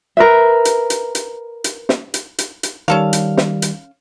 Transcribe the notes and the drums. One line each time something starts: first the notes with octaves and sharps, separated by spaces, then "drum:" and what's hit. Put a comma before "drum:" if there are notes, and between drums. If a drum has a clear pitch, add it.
A#4 B4 E5
drum: hi-hat
drum: hi-hat
drum: hi-hat
drum: hi-hat
drum: snare
drum: hi-hat
drum: hi-hat
drum: hi-hat
D#3 G3 C#4 A4 F5
drum: hi-hat
drum: snare
drum: hi-hat